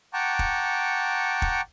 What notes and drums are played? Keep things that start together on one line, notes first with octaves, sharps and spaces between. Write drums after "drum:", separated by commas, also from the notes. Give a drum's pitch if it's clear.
F#5 G5 A5 A#5 C#6 D6
drum: kick E1
drum: kick E1